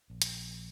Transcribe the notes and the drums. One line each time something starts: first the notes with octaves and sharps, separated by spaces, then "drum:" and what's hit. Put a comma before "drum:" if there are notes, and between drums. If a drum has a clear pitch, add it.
A#1
drum: hi-hat